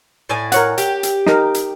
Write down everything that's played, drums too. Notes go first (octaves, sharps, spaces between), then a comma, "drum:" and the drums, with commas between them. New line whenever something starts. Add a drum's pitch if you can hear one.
A2 D5 G#5
A#4 C#5 F#5, drum: hi-hat
G4, drum: hi-hat
drum: hi-hat
D#4 A#4, drum: snare
drum: hi-hat